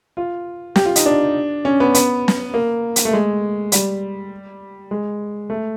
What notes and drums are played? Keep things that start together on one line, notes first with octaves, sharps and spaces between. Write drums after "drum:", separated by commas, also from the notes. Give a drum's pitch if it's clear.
F4
G4, drum: snare
F4
D#4, drum: hi-hat
D4
C#4
B3
B3, drum: hi-hat
drum: snare
A#3
drum: hi-hat
A3
G#3
G3, drum: hi-hat
G#3
A3